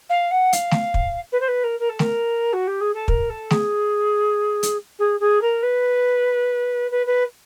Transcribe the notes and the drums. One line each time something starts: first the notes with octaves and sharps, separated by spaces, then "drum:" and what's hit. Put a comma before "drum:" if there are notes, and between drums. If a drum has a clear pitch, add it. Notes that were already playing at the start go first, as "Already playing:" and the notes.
F5
F#5
F5, drum: hi-hat
drum: snare A3
drum: kick
B4
C5
B4
A#4
A#4
A4
A#4, drum: snare A3
F#4
G4
G#4
A4
A#4, drum: kick
A4
G#4, drum: snare A3
drum: hi-hat
G#4
G#4
A#4
B4
B4
B4